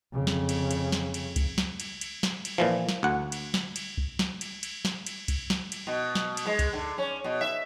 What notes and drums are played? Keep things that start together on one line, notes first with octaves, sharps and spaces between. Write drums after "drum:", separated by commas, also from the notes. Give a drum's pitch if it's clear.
F2 C#3
drum: snare
drum: cymbal
drum: cymbal
drum: snare
drum: cymbal
drum: kick C2, cymbal
drum: snare
drum: cymbal
drum: cymbal
drum: snare
drum: cymbal
A#2 E3 F3
drum: snare
D2 F#5
drum: cymbal
drum: snare
drum: cymbal
drum: kick C2
drum: snare
drum: cymbal
drum: cymbal
drum: snare
drum: cymbal
drum: kick C2, cymbal
drum: snare
drum: cymbal
B2
drum: snare
drum: cymbal
G#3
drum: kick C2, cymbal
D3
C#4
B2
E5